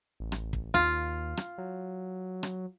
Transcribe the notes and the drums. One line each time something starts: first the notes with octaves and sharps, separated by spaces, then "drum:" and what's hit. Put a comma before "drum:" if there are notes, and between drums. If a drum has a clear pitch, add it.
A1
drum: rim click
drum: kick
D#2 F4
drum: rim click
F#3
drum: rim click